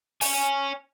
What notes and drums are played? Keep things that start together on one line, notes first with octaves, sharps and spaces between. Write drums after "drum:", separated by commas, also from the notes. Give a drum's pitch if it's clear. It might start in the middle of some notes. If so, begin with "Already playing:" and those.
C#5 G#5, drum: open hi-hat